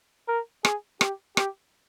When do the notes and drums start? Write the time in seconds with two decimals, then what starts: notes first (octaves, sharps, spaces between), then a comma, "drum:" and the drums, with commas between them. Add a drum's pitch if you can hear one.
0.28 A#4
0.65 G#4, drum: rim click
1.01 G4, drum: rim click
1.37 G4, drum: rim click